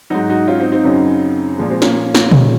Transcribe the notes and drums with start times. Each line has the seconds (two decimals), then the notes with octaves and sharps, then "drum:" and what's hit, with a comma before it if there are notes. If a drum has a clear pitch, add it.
0.10 G#2 F#3 D#4 F#4
0.29 D#4 F#4
0.48 C#4 F4
0.60 C4 D#4
0.72 C4 D#4
0.84 F#2 C#3 F#3
1.58 A#2 F3 G#3
1.70 G#3 C4
1.82 A#3 C#4, drum: snare
2.15 drum: snare
2.31 D#3 G#3, drum: tom